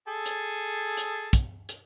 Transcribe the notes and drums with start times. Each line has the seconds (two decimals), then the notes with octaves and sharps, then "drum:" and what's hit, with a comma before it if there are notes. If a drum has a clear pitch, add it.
0.08 G#4 A4
0.26 drum: hi-hat
0.97 drum: hi-hat
1.33 drum: kick, hi-hat
1.69 drum: hi-hat